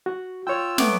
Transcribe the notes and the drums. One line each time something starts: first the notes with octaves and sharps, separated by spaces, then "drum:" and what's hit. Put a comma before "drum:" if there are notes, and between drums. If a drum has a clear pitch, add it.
F#4
F4 C#5 G5 E6
A3 B3 D6, drum: snare